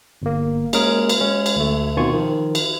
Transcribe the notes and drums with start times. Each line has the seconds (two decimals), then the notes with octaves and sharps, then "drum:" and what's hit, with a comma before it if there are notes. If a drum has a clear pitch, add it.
0.22 G1 A#3
0.73 G#3 A#3 C#4 G#4 A#4, drum: cymbal
1.09 drum: cymbal
1.21 G#3 C#4
1.46 drum: cymbal
1.56 D2 A3
1.96 B2 D#3 C4 F4 G#5 C#6
2.13 D#3 F3
2.55 drum: cymbal